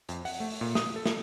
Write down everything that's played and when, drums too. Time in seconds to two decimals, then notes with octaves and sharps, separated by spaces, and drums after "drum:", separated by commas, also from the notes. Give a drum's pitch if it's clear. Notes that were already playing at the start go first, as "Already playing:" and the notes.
0.09 F2, drum: hi-hat
0.25 F#5, drum: open hi-hat
0.40 A3
0.50 drum: open hi-hat
0.61 A#2
0.75 D#6, drum: snare
0.96 A4
1.06 drum: snare